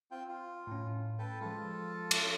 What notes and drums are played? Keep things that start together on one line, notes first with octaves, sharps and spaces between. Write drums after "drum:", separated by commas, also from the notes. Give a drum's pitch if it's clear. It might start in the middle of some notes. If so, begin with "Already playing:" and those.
C4 F4 G5
F4
A2 C#4
A4 B4 G5
F3 G#3 F4 A4
drum: cymbal